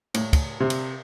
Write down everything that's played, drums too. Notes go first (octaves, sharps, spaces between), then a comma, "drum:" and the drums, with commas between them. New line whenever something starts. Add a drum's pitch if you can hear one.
A2, drum: cymbal
drum: kick, cymbal
C3
drum: cymbal